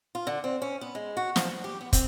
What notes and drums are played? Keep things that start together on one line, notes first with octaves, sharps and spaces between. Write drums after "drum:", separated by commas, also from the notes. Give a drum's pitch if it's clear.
F4
D3
C4
C#4
B3
G#3
F#4
F3, drum: snare
B4
G4
B3
C4, drum: kick, hi-hat